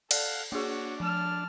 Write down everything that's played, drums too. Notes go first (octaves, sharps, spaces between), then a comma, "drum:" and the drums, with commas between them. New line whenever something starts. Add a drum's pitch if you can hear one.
A4 D5 F5 F#5 C7, drum: cymbal
A#3 D4 F#4 G#4 C#5
F3 A5 F6